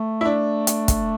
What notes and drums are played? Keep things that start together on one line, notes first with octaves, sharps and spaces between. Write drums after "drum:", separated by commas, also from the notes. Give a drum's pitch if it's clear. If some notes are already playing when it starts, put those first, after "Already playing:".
Already playing: A3
E4
D4
drum: hi-hat
drum: kick, hi-hat